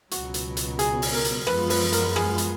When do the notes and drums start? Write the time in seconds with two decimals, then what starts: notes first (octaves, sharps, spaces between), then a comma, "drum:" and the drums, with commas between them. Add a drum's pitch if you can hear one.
0.11 C#2 B2 F#3 F#4, drum: hi-hat
0.34 drum: hi-hat
0.57 drum: hi-hat
0.79 G#4, drum: hi-hat
1.02 drum: open hi-hat
1.13 A#4
1.25 drum: hi-hat
1.47 F#2 F3 G#3 B3 F4 B4, drum: rim click
1.70 B4, drum: open hi-hat
1.93 A#4, drum: hi-hat
2.16 G#4, drum: rim click
2.38 drum: hi-hat